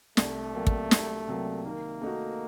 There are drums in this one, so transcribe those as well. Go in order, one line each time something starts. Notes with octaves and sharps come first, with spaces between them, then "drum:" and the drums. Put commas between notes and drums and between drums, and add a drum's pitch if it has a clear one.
C2 A3, drum: snare
C3 F#3 A#3
drum: kick
C2, drum: snare
C3 F#3 A#3
D#3 A#3
A3 D#4 F#4